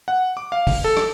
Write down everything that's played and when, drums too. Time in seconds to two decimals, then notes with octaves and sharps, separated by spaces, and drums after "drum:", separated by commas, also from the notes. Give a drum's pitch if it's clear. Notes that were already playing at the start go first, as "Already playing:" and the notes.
0.08 F#5
0.37 D6
0.52 F5
0.67 drum: kick, open hi-hat
0.84 A4
0.97 drum: rim click